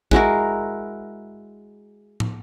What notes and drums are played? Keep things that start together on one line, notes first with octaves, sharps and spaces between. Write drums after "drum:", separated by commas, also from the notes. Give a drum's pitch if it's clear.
G#3 E4 F#4 A#4, drum: kick
drum: tom